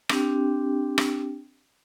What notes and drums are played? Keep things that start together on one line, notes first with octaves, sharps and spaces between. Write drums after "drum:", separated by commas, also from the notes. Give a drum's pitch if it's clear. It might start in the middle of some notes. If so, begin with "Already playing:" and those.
C4 D4 G4 G5, drum: rim click
drum: rim click